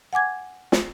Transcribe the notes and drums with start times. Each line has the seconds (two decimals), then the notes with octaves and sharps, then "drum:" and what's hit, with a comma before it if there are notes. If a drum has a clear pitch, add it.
0.13 F#5 G#5 D6 G#6
0.72 drum: snare